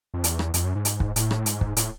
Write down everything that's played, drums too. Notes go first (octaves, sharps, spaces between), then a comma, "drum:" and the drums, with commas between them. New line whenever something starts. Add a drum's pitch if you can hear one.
F2
E2, drum: hi-hat
drum: rim click
F2, drum: hi-hat
F#2
G#2
drum: hi-hat
drum: kick
A2, drum: hi-hat
drum: rim click
G#2, drum: hi-hat
drum: kick
A2, drum: hi-hat